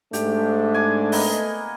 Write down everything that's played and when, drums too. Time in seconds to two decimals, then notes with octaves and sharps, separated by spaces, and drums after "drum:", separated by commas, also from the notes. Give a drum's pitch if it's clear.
0.13 G#2 A3 D4 G4, drum: hi-hat
0.74 G#5 D6
1.12 A#3 B3 D#5, drum: open hi-hat